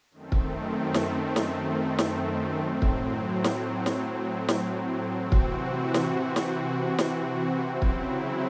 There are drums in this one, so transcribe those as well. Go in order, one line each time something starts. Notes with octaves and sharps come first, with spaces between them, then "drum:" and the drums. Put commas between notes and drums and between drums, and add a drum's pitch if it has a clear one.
F#2 D#3 A3 C4
drum: kick
drum: snare
drum: snare
drum: snare
A2 F#3 C4
drum: kick
drum: snare
drum: snare
drum: snare
C3 E3 C4 F#4
drum: kick
drum: snare
drum: snare
drum: snare
C#3 F#3 C4 E4
drum: kick